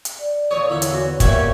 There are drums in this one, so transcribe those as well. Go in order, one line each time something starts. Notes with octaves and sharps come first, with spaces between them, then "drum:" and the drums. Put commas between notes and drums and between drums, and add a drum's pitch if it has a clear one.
drum: hi-hat
D5
A#2 C#5 D#5
E2 D3 E4 E5
drum: hi-hat
B3 F#4
C#3 G3 A#3 F#4 C#5 E5, drum: kick, hi-hat